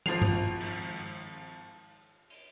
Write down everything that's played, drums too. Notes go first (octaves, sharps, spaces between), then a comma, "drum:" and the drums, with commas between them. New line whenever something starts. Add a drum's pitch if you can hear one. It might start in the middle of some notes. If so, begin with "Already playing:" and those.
G#1 F3 C7 F7, drum: tom
drum: tom G2
drum: cymbal
drum: open hi-hat